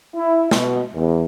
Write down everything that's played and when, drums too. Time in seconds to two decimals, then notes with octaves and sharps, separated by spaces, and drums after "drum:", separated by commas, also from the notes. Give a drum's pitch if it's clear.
0.15 E4
0.51 B2, drum: snare
0.94 E2